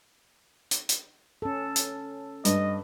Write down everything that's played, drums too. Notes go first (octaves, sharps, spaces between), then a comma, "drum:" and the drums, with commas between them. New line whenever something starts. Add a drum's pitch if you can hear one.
drum: hi-hat
drum: hi-hat
C#4 A4
drum: hi-hat
G2 D#5, drum: hi-hat